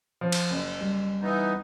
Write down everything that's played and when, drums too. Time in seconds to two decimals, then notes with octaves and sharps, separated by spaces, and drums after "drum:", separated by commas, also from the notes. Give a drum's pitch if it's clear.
0.21 F3
0.32 drum: cymbal
0.50 F#1
0.81 G3
1.22 E3 B3 D#4